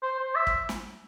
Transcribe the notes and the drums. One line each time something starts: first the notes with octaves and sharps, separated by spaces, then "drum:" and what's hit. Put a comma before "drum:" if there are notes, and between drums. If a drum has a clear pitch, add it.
C5
C5
E5
drum: kick
drum: snare